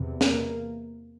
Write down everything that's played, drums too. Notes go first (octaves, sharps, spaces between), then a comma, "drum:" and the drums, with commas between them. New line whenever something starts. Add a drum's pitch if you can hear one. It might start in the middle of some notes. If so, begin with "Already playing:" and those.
Already playing: E2 C3
A#3, drum: snare